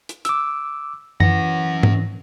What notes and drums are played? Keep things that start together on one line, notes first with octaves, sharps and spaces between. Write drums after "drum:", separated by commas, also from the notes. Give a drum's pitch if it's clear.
drum: hi-hat
D6 E6, drum: hi-hat
E3 C#4 F#5 A#6, drum: tom F#2
drum: tom G#2